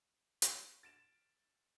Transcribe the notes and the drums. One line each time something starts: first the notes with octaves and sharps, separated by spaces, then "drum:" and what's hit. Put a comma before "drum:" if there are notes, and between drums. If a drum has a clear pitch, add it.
drum: hi-hat
A6 D7 E7